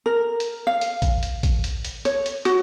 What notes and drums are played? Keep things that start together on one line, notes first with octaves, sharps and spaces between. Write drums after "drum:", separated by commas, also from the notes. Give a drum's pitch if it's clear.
A#4
drum: hi-hat
F5
drum: hi-hat
drum: kick A1, hi-hat
drum: hi-hat
drum: kick A1, hi-hat
drum: hi-hat
drum: hi-hat
C#5, drum: hi-hat
drum: hi-hat
F#4, drum: hi-hat